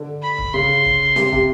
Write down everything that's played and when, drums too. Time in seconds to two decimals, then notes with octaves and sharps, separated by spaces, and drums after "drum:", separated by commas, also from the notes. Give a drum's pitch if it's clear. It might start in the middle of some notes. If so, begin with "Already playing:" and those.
Already playing: D3
0.22 B5
0.38 drum: kick
0.54 C#3 C6
0.85 drum: kick
1.16 C3, drum: snare
1.32 C3, drum: kick